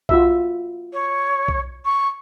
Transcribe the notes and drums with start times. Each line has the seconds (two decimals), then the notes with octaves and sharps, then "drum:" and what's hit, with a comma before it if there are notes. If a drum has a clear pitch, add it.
0.09 F4 F#4 E5, drum: kick B1
0.93 C#5
1.48 drum: kick B1
1.85 C#6